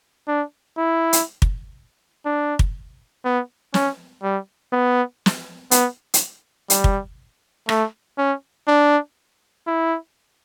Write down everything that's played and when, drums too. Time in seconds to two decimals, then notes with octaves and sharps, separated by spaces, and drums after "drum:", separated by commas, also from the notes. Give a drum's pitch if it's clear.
0.28 D4
0.77 E4
1.13 drum: hi-hat
1.42 drum: kick
2.25 D4
2.59 drum: kick
3.25 B3
3.74 C#4, drum: snare
4.23 G3
4.73 B3
5.26 drum: snare
5.71 B3, drum: hi-hat
6.14 drum: hi-hat
6.70 G3, drum: hi-hat
6.84 drum: kick
7.69 A3, drum: rim click
8.18 C#4
8.68 D4
9.67 E4